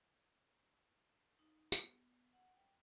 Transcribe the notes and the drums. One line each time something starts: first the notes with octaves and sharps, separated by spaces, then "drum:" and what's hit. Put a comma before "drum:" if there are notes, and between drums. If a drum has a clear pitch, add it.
D#4
B3, drum: tambourine
F#5
G5